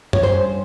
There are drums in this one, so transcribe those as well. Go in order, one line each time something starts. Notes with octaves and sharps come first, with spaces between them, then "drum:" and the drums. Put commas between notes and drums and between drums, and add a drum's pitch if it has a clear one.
C#5, drum: tom F#2
G2 G3 C#4 C5